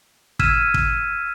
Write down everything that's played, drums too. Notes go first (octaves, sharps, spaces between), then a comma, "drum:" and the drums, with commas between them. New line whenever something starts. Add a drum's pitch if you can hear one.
E6 F6 G#6 B6 D#7 E7, drum: kick
drum: kick